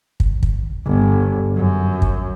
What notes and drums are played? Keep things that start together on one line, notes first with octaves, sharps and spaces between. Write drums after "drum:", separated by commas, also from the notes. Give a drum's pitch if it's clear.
drum: kick
drum: kick
G1
F#2
drum: kick